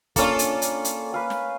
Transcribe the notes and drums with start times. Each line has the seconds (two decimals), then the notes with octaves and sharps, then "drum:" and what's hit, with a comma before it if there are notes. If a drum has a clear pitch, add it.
0.16 A#3 C#4 D4 F4 A4, drum: kick, hi-hat
0.39 drum: hi-hat
0.62 drum: hi-hat
0.85 drum: hi-hat
1.13 B4 F5 G#5
1.30 drum: snare